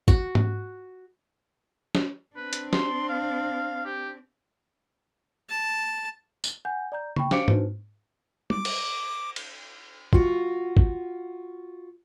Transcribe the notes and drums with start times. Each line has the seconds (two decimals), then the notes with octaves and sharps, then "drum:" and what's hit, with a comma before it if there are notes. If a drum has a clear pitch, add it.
0.08 F#4, drum: kick
0.35 drum: tom G#2
1.95 drum: snare
2.36 C4 D4 B4
2.53 drum: hi-hat
2.73 C6, drum: snare
3.09 F5
3.85 G4
5.49 A5
6.44 drum: tambourine
6.65 F#5 G#5 G6
6.92 D5 A#5 G6
7.16 G5 B5 C#6, drum: tom C#3
7.31 D4 C5 F5 D6 C#7 D7, drum: snare
7.48 D4 D#4 F#4 B4 C5, drum: tom G#2
8.50 D6, drum: tom
8.65 drum: cymbal
9.36 drum: cymbal
10.13 F4 F#4, drum: kick
10.77 drum: kick